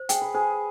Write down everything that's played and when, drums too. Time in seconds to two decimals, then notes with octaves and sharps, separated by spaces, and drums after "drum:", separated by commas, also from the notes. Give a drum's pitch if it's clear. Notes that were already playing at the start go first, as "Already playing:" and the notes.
Already playing: C5
0.09 G#4 G5, drum: hi-hat
0.22 B4
0.34 G#4 C5